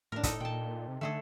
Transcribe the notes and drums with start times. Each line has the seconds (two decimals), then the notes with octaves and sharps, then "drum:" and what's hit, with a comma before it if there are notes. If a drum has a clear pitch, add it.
0.12 A2 D4 A#4
0.23 D#4 A4 D#5, drum: kick, hi-hat
0.40 A#2 G5 A5
0.88 C3
1.01 D3 A3 G#4 A4